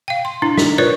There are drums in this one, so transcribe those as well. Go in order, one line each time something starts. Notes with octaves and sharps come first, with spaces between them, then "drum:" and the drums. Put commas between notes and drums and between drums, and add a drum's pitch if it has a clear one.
F5 G5
C6
D4 E4
D#4, drum: snare
F4 A#4 B4 C#5 D5